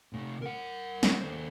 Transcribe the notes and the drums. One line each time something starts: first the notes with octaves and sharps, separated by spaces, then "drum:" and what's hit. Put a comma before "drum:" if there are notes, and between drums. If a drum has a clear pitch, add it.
C3 A3
A#4 F#5
drum: snare
D#2 C5